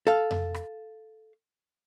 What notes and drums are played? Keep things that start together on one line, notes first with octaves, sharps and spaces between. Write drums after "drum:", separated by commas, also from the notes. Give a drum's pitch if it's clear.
A4 F5
drum: tom F2
drum: rim click